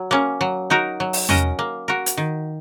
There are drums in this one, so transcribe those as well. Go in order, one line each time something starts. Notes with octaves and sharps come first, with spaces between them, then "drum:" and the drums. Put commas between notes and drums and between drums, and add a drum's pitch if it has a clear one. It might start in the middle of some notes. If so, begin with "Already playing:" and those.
Already playing: F#3
A#3 C#4
F#3
D#4 F#4 A#4
F#3
drum: open hi-hat
C#4 F#4 A#4 D#5, drum: tom E2
A#3
F#4 A#4
drum: hi-hat
D#3